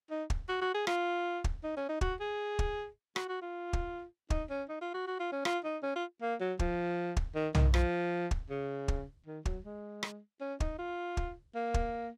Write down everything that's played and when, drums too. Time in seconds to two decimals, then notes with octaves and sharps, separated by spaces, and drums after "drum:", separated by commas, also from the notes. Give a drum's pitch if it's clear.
0.11 D#4
0.30 drum: kick
0.49 F#4
0.62 F#4
0.74 G#4
0.87 F4, drum: rim click
1.44 drum: kick
1.64 D#4
1.77 C#4
1.89 D#4
2.01 F#4, drum: kick
2.20 G#4
2.59 drum: kick
3.16 F#4, drum: rim click
3.29 F#4
3.42 F4
3.73 drum: kick
4.30 D#4, drum: kick
4.50 C#4
4.69 D#4
4.81 F4
4.94 F#4
5.07 F#4
5.20 F4
5.32 C#4
5.45 F4, drum: rim click
5.64 D#4
5.83 C#4
5.96 F4
6.21 A#3
6.40 F#3
6.59 F3, drum: kick
7.17 drum: kick
7.35 D#3
7.55 D#3, drum: tom
7.74 F3, drum: rim click
8.31 drum: kick
8.50 C#3
8.88 drum: kick
9.26 D#3
9.45 F#3, drum: kick
9.64 G#3
10.03 drum: rim click
10.41 C#4
10.60 D#4, drum: kick
10.79 F4
11.17 drum: kick
11.55 A#3
11.74 drum: kick